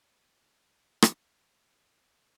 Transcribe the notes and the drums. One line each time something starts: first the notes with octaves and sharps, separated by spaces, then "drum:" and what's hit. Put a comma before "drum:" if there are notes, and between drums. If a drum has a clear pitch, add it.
B2
G#2
A#2
A2
G#2
drum: rim click
F#2
F#2
F2
F#2
F2
F#2
F2